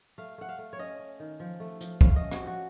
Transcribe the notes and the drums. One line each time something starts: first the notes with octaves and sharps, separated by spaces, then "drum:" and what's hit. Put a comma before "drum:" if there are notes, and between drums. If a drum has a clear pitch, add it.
A3 F5
A3 F#5
F5
A3
C#5
C#4 D#5
C#4
D#3
F3
A3
F3, drum: hi-hat
A3 F5, drum: kick
D#5
C#4
F#4, drum: rim click
F3
F#4